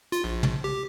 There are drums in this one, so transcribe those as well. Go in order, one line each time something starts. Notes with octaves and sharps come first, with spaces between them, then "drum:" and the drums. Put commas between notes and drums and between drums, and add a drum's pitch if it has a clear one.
F4, drum: hi-hat
A#1
drum: tom
G4